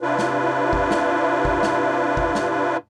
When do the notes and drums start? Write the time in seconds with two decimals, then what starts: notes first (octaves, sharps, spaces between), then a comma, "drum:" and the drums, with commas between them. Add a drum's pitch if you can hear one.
0.01 C3 D4 E4 F4 B4
0.19 drum: snare
0.73 drum: kick
0.91 drum: snare
1.45 drum: kick
1.63 drum: snare
2.17 drum: kick
2.35 drum: snare